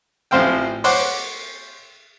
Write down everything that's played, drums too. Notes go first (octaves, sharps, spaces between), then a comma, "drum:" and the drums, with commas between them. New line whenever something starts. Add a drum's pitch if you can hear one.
A1 F3 C4 C5 F5 G5
C5 C#5 F#5 D6, drum: open hi-hat